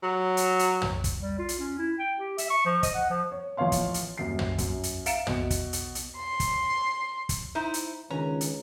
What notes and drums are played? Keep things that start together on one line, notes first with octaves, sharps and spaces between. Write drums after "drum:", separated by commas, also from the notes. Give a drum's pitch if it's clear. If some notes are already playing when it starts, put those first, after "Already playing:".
F#3
drum: hi-hat
drum: hi-hat
drum: tom
drum: kick, hi-hat
G3
F4
drum: hi-hat
C#4
E4
G5
G4
E5, drum: hi-hat
C#6
F3
D#5, drum: kick, hi-hat
F#5
F3
C#5
A1 F3 B3 C#5 F5 C6
drum: kick, hi-hat
drum: hi-hat
D#1 F#2 C7
drum: tom
F#2, drum: kick, hi-hat
drum: hi-hat
E5 F5 A#5 C#7 D7 E7, drum: hi-hat
B2, drum: tom
drum: kick, hi-hat
drum: hi-hat
drum: hi-hat
C6
drum: kick, hi-hat
drum: kick, hi-hat
D#4 E4 C5
drum: hi-hat
C#2 D#3 C#4 D4 B4 A#5
drum: hi-hat